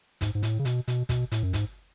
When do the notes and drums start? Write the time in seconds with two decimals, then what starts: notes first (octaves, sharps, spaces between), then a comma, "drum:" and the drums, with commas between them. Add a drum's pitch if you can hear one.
0.21 G#2, drum: kick, hi-hat
0.35 G#2
0.43 A2, drum: hi-hat
0.59 C#3
0.65 B2, drum: hi-hat
0.88 B2, drum: hi-hat
1.09 B2, drum: kick, hi-hat
1.32 A2, drum: hi-hat
1.43 F#2
1.53 G#2, drum: kick, hi-hat